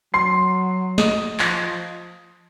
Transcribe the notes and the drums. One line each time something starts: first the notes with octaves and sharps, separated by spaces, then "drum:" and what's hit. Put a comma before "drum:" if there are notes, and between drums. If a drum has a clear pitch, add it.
F#3 C6 C7
D#5 D#6, drum: snare
F3, drum: clap